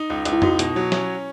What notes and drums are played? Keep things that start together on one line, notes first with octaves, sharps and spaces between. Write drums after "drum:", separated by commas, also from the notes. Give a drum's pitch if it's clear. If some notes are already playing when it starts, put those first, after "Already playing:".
Already playing: D#4
C#2
C#2, drum: hi-hat
E4
D#4 F#4, drum: tom F2
B2, drum: hi-hat
F#3
C#4, drum: snare